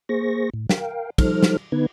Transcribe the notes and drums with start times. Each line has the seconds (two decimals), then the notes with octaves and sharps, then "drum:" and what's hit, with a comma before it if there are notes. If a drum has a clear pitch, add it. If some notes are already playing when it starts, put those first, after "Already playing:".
0.09 A#3 G#4 C5 C#6 A#6
0.54 A2
0.69 A#4 F5 G5, drum: snare
1.18 F3 G3 D#4 A4 C5 F6, drum: kick, cymbal
1.43 drum: snare
1.72 D3 B3 D#4 B4 G#6